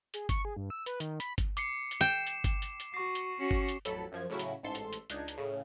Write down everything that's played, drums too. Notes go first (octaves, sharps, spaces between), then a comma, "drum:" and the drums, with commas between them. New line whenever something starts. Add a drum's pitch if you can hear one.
G#4, drum: hi-hat
C#6, drum: kick G1, hi-hat
G#4
G2
E6
B4, drum: hi-hat
D#3, drum: hi-hat
B5, drum: hi-hat
drum: kick G1, hi-hat
D6 C7 C#7, drum: hi-hat
drum: hi-hat
G5 E7
drum: hi-hat
drum: kick G1, hi-hat
drum: hi-hat
drum: hi-hat
F#4 C#6 C7
drum: hi-hat
C#4 F#4
drum: kick G1
drum: hi-hat
A1 F2 F#3 A4 B5, drum: hi-hat
F#2 F3 G#6
A2 C#3 F#3 C#4 E4 F#4
drum: hi-hat
A1 G#2 A4 C6
drum: hi-hat
drum: hi-hat
C#2 D4 D#4 G#6, drum: hi-hat
drum: hi-hat
A2 C#3